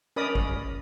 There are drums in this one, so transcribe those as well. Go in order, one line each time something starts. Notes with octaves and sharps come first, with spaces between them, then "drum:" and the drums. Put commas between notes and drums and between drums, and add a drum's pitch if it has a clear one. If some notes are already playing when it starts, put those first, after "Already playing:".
C#4 A#4 D5 D#5 B5 D#6
drum: kick